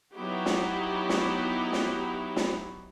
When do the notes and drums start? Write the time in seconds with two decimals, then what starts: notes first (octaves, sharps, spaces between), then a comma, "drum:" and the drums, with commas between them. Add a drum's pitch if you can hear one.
0.14 F#3 B3 D#4 E4 F#4 G4
0.46 drum: snare
1.09 drum: snare
1.73 drum: snare
2.36 drum: snare